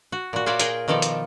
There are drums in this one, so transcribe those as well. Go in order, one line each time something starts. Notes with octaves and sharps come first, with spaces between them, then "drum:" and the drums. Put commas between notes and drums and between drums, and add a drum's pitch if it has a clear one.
F#4
A#2 F#4
F4 F#4 A#4 C#5 D5 E5
G#4 A#4 D#5 G5 A#5, drum: hi-hat
B2 D#3 F3 A4 D5
drum: hi-hat